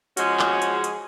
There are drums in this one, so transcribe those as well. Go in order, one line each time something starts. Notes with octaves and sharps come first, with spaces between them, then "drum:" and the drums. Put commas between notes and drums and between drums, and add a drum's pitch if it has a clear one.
F3 G#3 C#4 F#4 G#4, drum: hi-hat
drum: clap
drum: hi-hat
drum: hi-hat